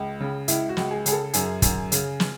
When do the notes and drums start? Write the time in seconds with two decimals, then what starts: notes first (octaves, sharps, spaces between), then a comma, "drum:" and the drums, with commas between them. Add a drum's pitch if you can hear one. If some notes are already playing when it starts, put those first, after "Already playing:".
Already playing: C#2
0.20 C#3
0.48 C#2 E4, drum: hi-hat
0.69 F#4
0.77 C#2, drum: snare
0.91 G#4
1.06 C#3 G#4, drum: hi-hat
1.12 A4
1.33 F#2 G#4, drum: hi-hat
1.62 F#2, drum: kick, hi-hat
1.92 C#3, drum: hi-hat
2.20 drum: snare